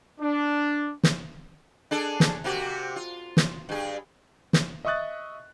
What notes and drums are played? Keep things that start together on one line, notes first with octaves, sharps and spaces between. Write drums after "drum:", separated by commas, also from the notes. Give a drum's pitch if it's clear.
D4
drum: snare
D4 G#4 A4
drum: snare
C3 A#3 F#4
F4
drum: snare
G2 G#4
drum: snare
D#5 E5 C#6 D#6 F#6 A6